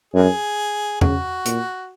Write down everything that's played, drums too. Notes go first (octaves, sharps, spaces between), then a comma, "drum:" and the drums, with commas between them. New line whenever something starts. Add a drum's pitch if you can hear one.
F#2 G#4
C#3 F#4, drum: tom E2
A#2, drum: hi-hat